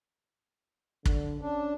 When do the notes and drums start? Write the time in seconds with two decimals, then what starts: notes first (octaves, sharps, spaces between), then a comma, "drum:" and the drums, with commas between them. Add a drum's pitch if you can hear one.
1.05 D3, drum: kick
1.42 C#4 D4